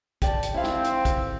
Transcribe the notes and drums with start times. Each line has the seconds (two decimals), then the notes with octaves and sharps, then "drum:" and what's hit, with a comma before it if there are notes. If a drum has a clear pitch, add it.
0.22 G4 D5 A5, drum: kick, hi-hat
0.43 drum: hi-hat
0.54 C4 E4 F5
0.64 drum: snare
0.84 drum: hi-hat
1.05 drum: kick, hi-hat